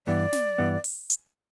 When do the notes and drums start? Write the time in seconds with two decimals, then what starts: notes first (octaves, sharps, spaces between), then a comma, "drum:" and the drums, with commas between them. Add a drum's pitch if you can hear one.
0.07 G2 E3 B3 D5
0.33 drum: snare
0.58 G2 E3 B3
0.84 drum: open hi-hat
1.10 drum: hi-hat